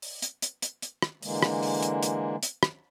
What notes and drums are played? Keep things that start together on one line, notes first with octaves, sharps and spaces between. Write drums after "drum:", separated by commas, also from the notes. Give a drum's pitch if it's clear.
drum: open hi-hat
drum: hi-hat
drum: hi-hat
drum: hi-hat
drum: hi-hat
drum: rim click
D3 E3 G#3 A#3, drum: open hi-hat
drum: rim click
drum: open hi-hat
drum: hi-hat
drum: hi-hat
drum: hi-hat
drum: rim click